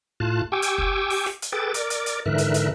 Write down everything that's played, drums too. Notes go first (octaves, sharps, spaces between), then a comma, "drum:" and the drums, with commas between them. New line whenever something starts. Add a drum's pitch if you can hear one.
A2 F4 A5 F#6
G4 G5 G#5 C#6 D6 E6
drum: hi-hat
drum: kick
drum: open hi-hat
drum: snare
drum: hi-hat
G#4 A4 B4 G5 D6 A6
A#4 D5 D6, drum: hi-hat
drum: hi-hat
drum: hi-hat
G#2 D3 E3 A#4 E5 F#6
drum: hi-hat
drum: hi-hat